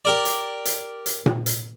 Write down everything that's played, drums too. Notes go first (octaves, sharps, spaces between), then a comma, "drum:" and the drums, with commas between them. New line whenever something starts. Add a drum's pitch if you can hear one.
G4 A#4 D5
drum: hi-hat
drum: hi-hat
drum: hi-hat
drum: tom A#2
drum: hi-hat